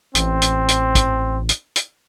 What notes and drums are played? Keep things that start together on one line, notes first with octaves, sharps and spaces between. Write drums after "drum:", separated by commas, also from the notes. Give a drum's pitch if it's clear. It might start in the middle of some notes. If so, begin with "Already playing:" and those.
A1 C4, drum: hi-hat
drum: hi-hat
drum: hi-hat
drum: kick, hi-hat
drum: hi-hat
drum: hi-hat